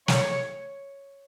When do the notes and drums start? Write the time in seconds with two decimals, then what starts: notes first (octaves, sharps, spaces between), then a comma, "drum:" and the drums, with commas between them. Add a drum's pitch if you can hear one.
0.08 C#5, drum: snare